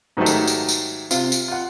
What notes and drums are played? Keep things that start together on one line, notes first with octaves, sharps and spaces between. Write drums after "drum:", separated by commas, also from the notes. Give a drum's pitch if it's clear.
G#2 D#3 F#3 G3 A3
drum: tambourine
drum: tambourine
drum: tambourine
C3 F4, drum: tambourine
drum: tambourine
F4 F#5